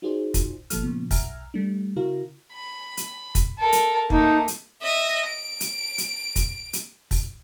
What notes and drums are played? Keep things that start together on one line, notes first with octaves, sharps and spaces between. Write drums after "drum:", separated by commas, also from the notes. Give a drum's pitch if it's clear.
D#4 F4 F#4 G#4 C5 D5
drum: kick, hi-hat
G1 A#2 F3 A4 F6, drum: hi-hat
A#2 C#3 F3 B3
B1 E5 F#5 G#5 A#5 F6, drum: kick, open hi-hat
G3 A3 D4
C#3 E4 F#4 A#4 F5 A#5
B5
drum: hi-hat
drum: kick, hi-hat
A4 A#4
drum: hi-hat
A3 A#3 D#4, drum: kick
drum: hi-hat
D#5 E5
D7
drum: hi-hat
drum: hi-hat
drum: kick, hi-hat
drum: hi-hat
drum: kick, open hi-hat